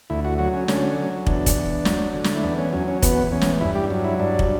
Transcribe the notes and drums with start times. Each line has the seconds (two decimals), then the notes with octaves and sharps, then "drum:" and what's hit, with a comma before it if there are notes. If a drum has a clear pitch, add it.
0.10 D2 E4
0.25 F#4
0.38 F#3 F#4
0.54 C#4
0.68 D3 C#4, drum: snare
0.97 F#3
1.27 E2 D4, drum: kick
1.46 drum: kick, hi-hat
1.56 E2
1.85 F#3, drum: snare
2.14 D3
2.24 drum: snare
2.35 E4
2.44 E2 D4
2.58 C#4
2.73 F#3 C#4
2.88 C#4
3.02 E2 B3, drum: kick, hi-hat
3.32 E2 C#4
3.41 drum: snare
3.61 G2 E4
3.75 G4
3.90 F#3
4.04 E4
4.19 G2 D4
4.39 drum: kick